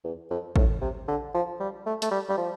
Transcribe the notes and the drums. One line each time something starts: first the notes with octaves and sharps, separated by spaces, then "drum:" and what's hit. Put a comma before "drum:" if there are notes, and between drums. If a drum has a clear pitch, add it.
E2
F2
A2, drum: kick A1
C3
D3
F3
G3
A3
A3, drum: hi-hat
G3
G3
F3